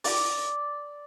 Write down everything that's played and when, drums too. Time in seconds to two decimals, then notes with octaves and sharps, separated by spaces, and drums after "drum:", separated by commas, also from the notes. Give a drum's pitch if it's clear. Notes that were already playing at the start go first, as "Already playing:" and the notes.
0.04 D5, drum: open hi-hat